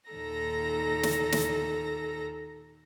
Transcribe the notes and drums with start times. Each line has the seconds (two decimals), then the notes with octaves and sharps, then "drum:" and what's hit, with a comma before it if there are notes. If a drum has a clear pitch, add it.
0.10 D#2 A#2 D#3 A4 A#5 A#6
1.03 drum: snare
1.32 drum: snare